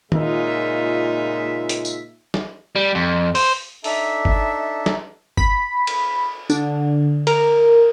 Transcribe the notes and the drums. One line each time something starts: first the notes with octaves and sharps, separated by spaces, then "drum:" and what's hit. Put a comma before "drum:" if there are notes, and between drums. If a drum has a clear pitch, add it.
A#2 C#3 G#3 D#4 F4 E5, drum: tom
drum: hi-hat
drum: tambourine
drum: snare
G3
F2
C5, drum: open hi-hat
D4 D#4 A4 E5, drum: open hi-hat
drum: kick G1
drum: snare
B5, drum: kick G1
drum: cymbal
D3, drum: tambourine
A#4, drum: cymbal